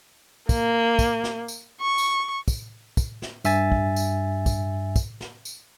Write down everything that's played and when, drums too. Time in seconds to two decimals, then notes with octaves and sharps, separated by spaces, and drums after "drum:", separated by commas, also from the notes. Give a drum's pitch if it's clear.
0.49 A#3, drum: kick, tambourine
0.99 drum: kick, tambourine
1.24 drum: snare
1.48 drum: tambourine
1.81 C#6
1.98 drum: tambourine
2.48 drum: kick, tambourine
2.97 drum: kick, tambourine
3.22 drum: snare
3.45 G2 E5 G#5 A6, drum: tambourine
3.72 drum: kick
3.96 drum: tambourine
4.46 drum: kick, tambourine
4.96 drum: kick, tambourine
5.20 drum: snare
5.45 drum: tambourine